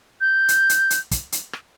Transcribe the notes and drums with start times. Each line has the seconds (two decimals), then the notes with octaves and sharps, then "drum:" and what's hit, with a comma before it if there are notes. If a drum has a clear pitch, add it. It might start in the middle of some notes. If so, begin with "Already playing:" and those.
0.21 G6
0.48 drum: hi-hat
0.69 drum: hi-hat
0.90 drum: hi-hat
1.11 drum: kick, hi-hat
1.32 drum: hi-hat
1.53 drum: rim click